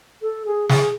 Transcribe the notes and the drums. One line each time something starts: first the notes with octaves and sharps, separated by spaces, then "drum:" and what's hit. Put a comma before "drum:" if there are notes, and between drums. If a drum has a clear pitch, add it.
A4
G#4
G#4, drum: snare